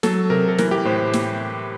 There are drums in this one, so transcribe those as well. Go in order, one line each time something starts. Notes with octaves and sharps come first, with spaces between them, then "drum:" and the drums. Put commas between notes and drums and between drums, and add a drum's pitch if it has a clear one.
F#3 A4, drum: snare
C3 A#4
A4
E3 A#4, drum: snare
G4
A2 C5
drum: snare